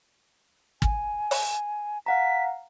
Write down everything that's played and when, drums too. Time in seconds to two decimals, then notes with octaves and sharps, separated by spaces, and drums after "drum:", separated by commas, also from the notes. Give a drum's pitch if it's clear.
0.82 G#5, drum: kick
1.31 drum: open hi-hat
2.06 F5 F#5 A#5 B6